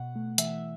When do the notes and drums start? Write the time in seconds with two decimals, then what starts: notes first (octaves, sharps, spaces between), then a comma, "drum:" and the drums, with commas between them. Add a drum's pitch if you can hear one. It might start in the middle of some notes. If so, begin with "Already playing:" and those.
Already playing: B2 F#5
0.16 A3
0.38 E3 E5, drum: hi-hat